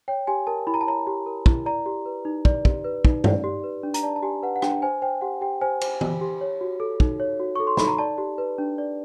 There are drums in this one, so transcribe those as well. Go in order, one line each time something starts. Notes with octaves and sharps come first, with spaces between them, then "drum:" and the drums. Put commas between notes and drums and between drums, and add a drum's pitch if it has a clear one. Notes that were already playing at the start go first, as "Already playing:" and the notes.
C#5 G5
G4 G#5
A#4 A5
E4 B5
A#5
A5
C#5 A#5
G4
A#4
E4, drum: kick
D5 A#5
G4
B4
D#4
D5, drum: kick
G4, drum: kick
B4
D#4, drum: kick
D5, drum: tom G2
G4
B4
D4
A#5, drum: hi-hat
D5 A5
A5
G4 G#5
B4 F#5
F#5
D4 G5, drum: rim click
C5 G#5
C5 G5
G4 F#5
G4 G5
C5 G#5
C5, drum: cymbal
G4, drum: tom
G4
C#5
F#4
A4
D#4, drum: kick
C#5
F#4
A4 C#6
C6
D#4 B5, drum: snare
A#5
D5 A5
G4
B4
D4
D5